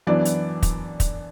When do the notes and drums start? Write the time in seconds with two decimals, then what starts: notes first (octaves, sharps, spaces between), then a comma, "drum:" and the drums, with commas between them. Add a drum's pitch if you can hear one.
0.07 F#2 E3 B3 D4 D5
0.25 drum: hi-hat
0.63 drum: kick, hi-hat
1.00 drum: kick, hi-hat